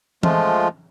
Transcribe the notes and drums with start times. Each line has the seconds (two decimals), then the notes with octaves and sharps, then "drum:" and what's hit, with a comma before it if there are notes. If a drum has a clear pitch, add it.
0.23 F3 G#3 A3 F4, drum: tom E3